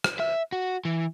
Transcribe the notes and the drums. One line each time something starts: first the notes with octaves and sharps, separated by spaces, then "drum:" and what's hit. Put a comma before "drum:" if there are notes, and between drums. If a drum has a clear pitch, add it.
drum: rim click
E5
F#4
E3